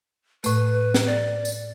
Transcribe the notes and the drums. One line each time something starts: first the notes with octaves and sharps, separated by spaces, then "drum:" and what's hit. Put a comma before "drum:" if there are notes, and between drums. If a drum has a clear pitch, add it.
A2 A3 B4, drum: tambourine
drum: snare
D5
drum: tambourine